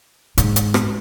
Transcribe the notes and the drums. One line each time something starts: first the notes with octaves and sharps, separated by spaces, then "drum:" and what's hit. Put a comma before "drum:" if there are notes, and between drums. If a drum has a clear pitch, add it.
G#2, drum: hi-hat
drum: hi-hat
drum: rim click